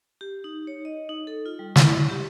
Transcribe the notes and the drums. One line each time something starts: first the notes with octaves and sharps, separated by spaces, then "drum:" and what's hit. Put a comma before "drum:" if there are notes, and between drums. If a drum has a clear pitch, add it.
G4
D#4
C#5
D#5
D#4
A4
F4
G3
E4, drum: snare
G4